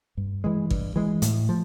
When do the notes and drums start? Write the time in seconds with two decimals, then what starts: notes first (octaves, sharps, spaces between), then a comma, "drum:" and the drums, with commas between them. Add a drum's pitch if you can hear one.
0.17 G2
0.44 E3 G#3
0.70 G2, drum: kick G#1
0.96 E3 G#3
1.22 A2, drum: hi-hat
1.49 F3